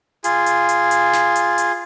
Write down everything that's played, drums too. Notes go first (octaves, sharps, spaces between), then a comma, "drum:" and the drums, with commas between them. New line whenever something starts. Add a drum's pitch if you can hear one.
F4 G#4, drum: hi-hat
drum: hi-hat
drum: hi-hat
drum: hi-hat
drum: snare
drum: hi-hat
drum: hi-hat